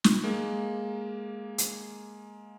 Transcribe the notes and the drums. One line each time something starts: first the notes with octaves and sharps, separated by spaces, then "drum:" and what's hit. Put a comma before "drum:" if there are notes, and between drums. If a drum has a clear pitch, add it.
drum: snare
G#3 A#3
drum: hi-hat